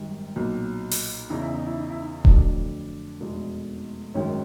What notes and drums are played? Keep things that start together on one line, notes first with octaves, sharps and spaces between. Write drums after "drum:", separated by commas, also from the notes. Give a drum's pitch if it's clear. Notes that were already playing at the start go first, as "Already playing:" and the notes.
Already playing: G#1 F#2 D#3 G3
B1 A#2 F#3
drum: open hi-hat
E2 C#3 E3 D#4
E4
D#4
E4
D#4
E4
D#4
F2 D3 F#3 A3 D4, drum: kick D#1
F1 E2 B2 G#3
G#1 F#2 D#3 G#3 C#4